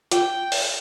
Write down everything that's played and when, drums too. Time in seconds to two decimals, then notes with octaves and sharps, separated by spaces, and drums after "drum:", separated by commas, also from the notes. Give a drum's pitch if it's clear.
0.11 F4 G5, drum: hi-hat
0.52 drum: open hi-hat